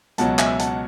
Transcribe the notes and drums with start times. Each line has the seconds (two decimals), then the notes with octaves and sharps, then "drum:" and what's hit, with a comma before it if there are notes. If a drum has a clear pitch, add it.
0.18 C#2 B2 F#3 F#5 A5, drum: hi-hat
0.39 E5 G#5, drum: clap
0.59 F#5 A5, drum: hi-hat